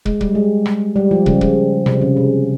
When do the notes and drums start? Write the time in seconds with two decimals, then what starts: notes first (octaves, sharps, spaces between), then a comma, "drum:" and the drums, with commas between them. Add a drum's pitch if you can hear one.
0.05 G#3, drum: kick
0.21 G3, drum: kick
0.35 G#3
0.66 drum: rim click
0.96 G3
1.11 F3
1.26 C#3, drum: kick
1.41 drum: kick
1.86 C3, drum: rim click
2.01 C#3
2.17 C3